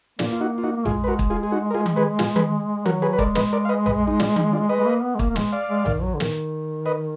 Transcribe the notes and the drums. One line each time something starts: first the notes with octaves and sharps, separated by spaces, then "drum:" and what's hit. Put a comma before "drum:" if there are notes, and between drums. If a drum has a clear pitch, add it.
A#3 D4 F4, drum: snare
F4
D#4 F#4
F4
D#4 F#4
A#3
G#3 F4 G#4, drum: tom A#1
B4
F#4 A#4
drum: kick
F4 G#4
G#4
D#4 F#4
A#4
F4 G#4
drum: tom D#3
G#4 B4
F4 G#4, drum: snare
G#4 B4, drum: tom D#3
F#3 F#4 A#4, drum: tom D#3
G#4 B4
B4
G#3 A#4 D5, drum: kick
B4 D#5, drum: snare
A#4 D5
F5
B4 D#5
B4 D#5, drum: tom A#1
D#4
D4 F4, drum: snare
D#4, drum: tom D#3
D4 F4
B4 D#5
G#3
A#3
B3
G#3
A#3, drum: kick
A#3
G#3, drum: snare
D5 F5
G#3
D#3, drum: tom A#1
F#3
D3
D#3, drum: snare
B4 D#5